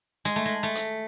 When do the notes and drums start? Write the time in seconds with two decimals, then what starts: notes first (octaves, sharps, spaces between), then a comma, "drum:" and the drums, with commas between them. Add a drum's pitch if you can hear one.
0.25 G#3, drum: hi-hat
0.36 A3
0.46 G#3
0.63 A3
0.75 drum: hi-hat